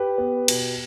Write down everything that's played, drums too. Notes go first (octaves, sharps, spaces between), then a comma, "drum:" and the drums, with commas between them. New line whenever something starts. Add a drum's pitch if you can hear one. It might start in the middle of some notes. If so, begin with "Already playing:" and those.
Already playing: G4 B4
B3
B2, drum: cymbal